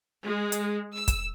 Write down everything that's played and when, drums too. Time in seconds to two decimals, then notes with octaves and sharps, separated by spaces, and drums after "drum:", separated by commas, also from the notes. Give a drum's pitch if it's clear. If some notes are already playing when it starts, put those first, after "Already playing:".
0.24 G#3
0.52 drum: hi-hat
0.95 E6
1.08 drum: kick, hi-hat